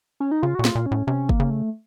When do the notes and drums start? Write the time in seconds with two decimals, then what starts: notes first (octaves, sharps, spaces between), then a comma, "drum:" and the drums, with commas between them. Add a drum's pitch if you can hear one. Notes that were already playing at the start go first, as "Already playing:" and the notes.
0.20 C#4
0.31 D#4
0.42 C#3 F4
0.55 F#4
0.59 A#2
0.65 F4, drum: snare
0.75 A#2
0.86 C#4
0.91 A2
1.07 C3 C#4
1.29 A#3, drum: kick
1.40 C#3
1.50 A3